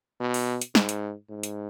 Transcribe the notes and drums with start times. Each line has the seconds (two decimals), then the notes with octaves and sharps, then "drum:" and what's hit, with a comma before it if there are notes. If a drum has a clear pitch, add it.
0.20 B2
0.34 drum: open hi-hat
0.61 drum: hi-hat
0.75 G#2, drum: snare
0.89 drum: hi-hat
1.30 G#2
1.43 drum: hi-hat